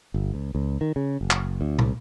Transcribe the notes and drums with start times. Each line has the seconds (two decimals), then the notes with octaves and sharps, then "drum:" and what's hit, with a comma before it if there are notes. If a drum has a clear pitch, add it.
0.14 G1
0.34 C#2
0.55 C#2
0.81 D#3
0.96 C#3
1.21 F#1
1.31 drum: clap
1.61 D2
1.79 C2, drum: tom